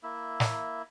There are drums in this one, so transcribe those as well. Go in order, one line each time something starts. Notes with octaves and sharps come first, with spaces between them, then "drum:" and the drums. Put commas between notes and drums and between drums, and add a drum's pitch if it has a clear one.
A#3 E4 E5
drum: snare